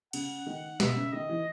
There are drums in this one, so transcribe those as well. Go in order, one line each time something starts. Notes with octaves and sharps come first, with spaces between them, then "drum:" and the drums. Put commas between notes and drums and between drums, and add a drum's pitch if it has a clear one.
C#3 F#5, drum: cymbal
D#3
B2 E5, drum: snare
C#3
D#3 D#5
E3